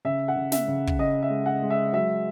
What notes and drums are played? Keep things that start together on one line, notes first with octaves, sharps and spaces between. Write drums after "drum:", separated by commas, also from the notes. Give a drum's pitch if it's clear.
C#3 E5
F#5
C#3
E5, drum: snare
C#3
drum: kick
C#3 D#5
E5
G#3
F#5
G#3
E5
F#3 E5